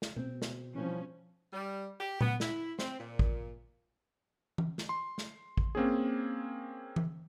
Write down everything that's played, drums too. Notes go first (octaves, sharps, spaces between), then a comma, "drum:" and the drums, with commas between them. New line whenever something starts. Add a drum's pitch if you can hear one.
drum: snare
B2 C4
drum: snare
E3 F3 G3 C4 C#4
G3
G4
B3, drum: tom A#2
E4, drum: snare
C4, drum: snare
A#2
drum: kick
drum: tom E3
drum: snare
C6
drum: snare
drum: kick
A#3 C4 C#4 G#4
drum: tom E3